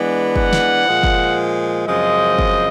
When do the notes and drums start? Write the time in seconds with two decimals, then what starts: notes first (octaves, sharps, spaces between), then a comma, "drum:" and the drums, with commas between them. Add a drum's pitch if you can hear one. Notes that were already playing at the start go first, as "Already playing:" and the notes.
Already playing: E3 G#3 B3 D4
0.36 F#5, drum: kick
0.53 drum: snare
0.86 A#2 F3 G#3
1.03 drum: kick
1.88 F#2 C#3 F3 G#3 C4 D#5
2.39 drum: kick